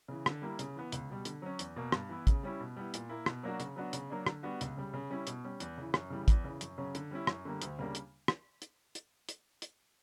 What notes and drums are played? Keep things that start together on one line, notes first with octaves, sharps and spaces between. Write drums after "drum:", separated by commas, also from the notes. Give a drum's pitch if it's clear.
C#3 E3
D3, drum: rim click
G3 A#3 E4
C#3, drum: hi-hat
E3 B3
C#2, drum: hi-hat
B2 G3
D3, drum: hi-hat
F#3 C#4
E2, drum: hi-hat
B2 A#3
G2, drum: rim click
E3 B3 E4
C#3, drum: kick, hi-hat
G3 C#4 E4
B2
G3 B3 E4
A#2, drum: hi-hat
A#3 E4
B2, drum: rim click
F#3 A#3 D4 F#4
C#3, drum: hi-hat
F#3 B3 D4 F#4
C#3, drum: hi-hat
F#3 A#3 D4
D3, drum: rim click
G3 B3 D4 F#4
C#2, drum: hi-hat
C#3 G3
C#3
G3 C#4 E4
B2, drum: hi-hat
G3 C#4
E2, drum: hi-hat
C#3 E3
F#2, drum: rim click
C#3 E3 G3
E2, drum: kick, hi-hat
C#3 E3
F#2, drum: hi-hat
C#3 F#3 C#4
D3, drum: hi-hat
G3 C#4 E4
F#2, drum: rim click
D3 G3 A#3
D2, drum: hi-hat
C#3 G3 A#3 D4
drum: hi-hat
drum: rim click
drum: hi-hat
drum: hi-hat
drum: hi-hat
drum: hi-hat